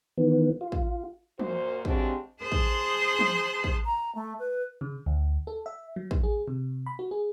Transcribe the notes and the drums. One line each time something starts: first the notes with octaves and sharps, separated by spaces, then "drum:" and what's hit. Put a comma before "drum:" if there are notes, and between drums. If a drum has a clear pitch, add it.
D#3 E3 B3
F4
drum: kick
F#2 A#2 F#4 C5, drum: tom
C#3 G#3 C4 D4 F#4 G4, drum: kick
G#4 C5 A5 C6 D#6 F#6
drum: kick
drum: tom
drum: kick
A#5
A3
B4
C#3
D2
A4
E5
F#3
drum: kick
G#4
C3
B5
F#4
G#4